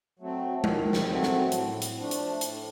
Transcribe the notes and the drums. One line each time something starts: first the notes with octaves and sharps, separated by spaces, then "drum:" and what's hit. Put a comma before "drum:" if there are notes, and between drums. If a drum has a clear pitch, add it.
F#3 A3 C4
D#3, drum: tom G#3
drum: snare
F#3 A3 C4
drum: snare
A2, drum: hi-hat
drum: hi-hat
F3 A3 D4
drum: hi-hat
A2, drum: hi-hat